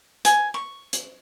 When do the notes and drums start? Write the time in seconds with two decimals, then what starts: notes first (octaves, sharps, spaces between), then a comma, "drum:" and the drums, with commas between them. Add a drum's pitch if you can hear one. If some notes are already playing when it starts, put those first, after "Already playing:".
0.25 G#5, drum: hi-hat
0.54 C#6
0.93 drum: hi-hat